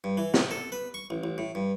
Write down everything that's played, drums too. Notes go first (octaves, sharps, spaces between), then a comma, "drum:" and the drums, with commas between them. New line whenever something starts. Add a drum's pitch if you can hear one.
G2
E3
C3, drum: snare
A4
B4
C#6
A1
A1
A2
G2